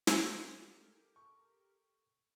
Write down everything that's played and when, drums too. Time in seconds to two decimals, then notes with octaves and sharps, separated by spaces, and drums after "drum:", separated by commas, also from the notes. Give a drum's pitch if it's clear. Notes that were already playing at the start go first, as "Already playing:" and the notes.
0.07 G4 A4 A#4, drum: snare
1.16 C#6